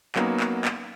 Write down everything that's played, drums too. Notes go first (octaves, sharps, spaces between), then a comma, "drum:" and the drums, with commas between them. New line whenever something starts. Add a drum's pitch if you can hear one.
F#3 A#3 B3 C#4 D#4, drum: clap
drum: clap
drum: clap